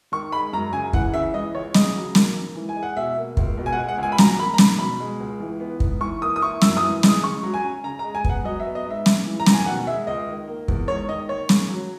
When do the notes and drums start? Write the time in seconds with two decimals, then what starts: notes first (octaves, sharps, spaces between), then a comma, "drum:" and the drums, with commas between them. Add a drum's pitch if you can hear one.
0.12 D#3 C#6
0.32 G#3 B5
0.53 F#2 A#5
0.73 C#3 G#5
0.93 E3 F#5, drum: kick
1.14 C#3 E5
1.34 E3 D#5
1.55 C#2 C#5
1.74 C#3 D#5, drum: snare
1.95 F#3
2.15 A#3, drum: snare
2.36 G#2
2.55 E3
2.69 G#5
2.76 G#3
2.83 F#5
2.96 B2 E5
3.17 A#3
3.37 C#2, drum: kick
3.58 B2
3.66 G#5
3.73 F#5
3.77 G#3
3.88 F#5
3.98 C#2 G#5
4.12 B5
4.18 F#3 A#5, drum: snare
4.39 A#3 B5
4.54 A#5
4.58 G#2 B5, drum: snare
4.79 B2 B5
5.00 G#3
5.20 C#2
5.40 E3
5.60 B3
5.80 G#2, drum: kick
6.01 E3 C#6
6.21 A#3 D#6
6.36 D#6
6.42 E4 C#6
6.62 F#2 E6, drum: snare
6.77 D#6
6.82 E3
7.03 G#3 D#6, drum: snare
7.23 C#3 C#6
7.43 F#3
7.54 G#5
7.64 C#4
7.84 C#3 A#5
7.99 A#5
8.04 G#3
8.15 G#5
8.24 B3 F#5, drum: kick
8.44 F#3 D#5
8.60 E5
8.66 B3
8.75 D#5
8.86 G#2 E5
9.06 C#3, drum: snare
9.26 E3
9.40 A#5
9.46 D#2, drum: snare
9.54 G#5
9.66 B2 F#5
9.87 G#3 E5
10.07 C#2 D#5
10.28 D#3
10.48 A#3
10.68 E2, drum: kick
10.88 G#2 C#5
11.09 D#3 D#5
11.29 A#3 C#5
11.49 C#3, drum: snare
11.70 F#3